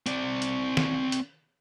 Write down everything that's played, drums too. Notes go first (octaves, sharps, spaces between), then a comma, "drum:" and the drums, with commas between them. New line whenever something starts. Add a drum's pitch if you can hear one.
C4 D5, drum: hi-hat
drum: hi-hat
drum: snare
drum: hi-hat